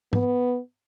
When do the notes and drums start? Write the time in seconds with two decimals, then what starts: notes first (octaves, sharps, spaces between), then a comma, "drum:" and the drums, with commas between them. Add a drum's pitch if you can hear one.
0.13 B3, drum: tom G#2